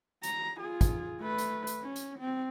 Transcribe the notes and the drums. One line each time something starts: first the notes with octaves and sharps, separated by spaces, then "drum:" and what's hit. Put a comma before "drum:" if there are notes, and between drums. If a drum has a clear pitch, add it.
A#5, drum: hi-hat
F4 G#4
drum: kick, hi-hat
A3 B4
drum: hi-hat
drum: hi-hat
C#4
drum: hi-hat
C4